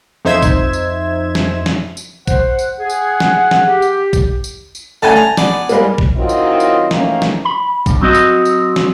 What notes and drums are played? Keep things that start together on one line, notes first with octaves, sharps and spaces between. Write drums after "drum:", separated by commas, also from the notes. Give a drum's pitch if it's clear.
F2 D#4 C5 E5 G#6 E7
drum: kick A#1, tambourine
drum: tambourine
drum: snare
drum: snare
drum: tambourine
C5 F#5, drum: kick A#1, tambourine
drum: tambourine
G#4 F#5
drum: tambourine
drum: snare
drum: snare
G4
drum: tambourine
drum: kick A#1, tambourine
drum: tambourine
drum: tambourine
D3 A3 C#4 G#5 A5
A#5
B3 D5, drum: snare
G3 G#3 A#3, drum: tambourine
drum: kick A#1
D#3 F#3 C4 E4 F4 D#5
drum: tambourine
drum: tambourine
D#3 E3 A3 A#3 C#4, drum: snare
drum: snare
B5
G2, drum: kick A#1, tambourine
F#3 C4 F#4 D#5
drum: tambourine
drum: tambourine
drum: snare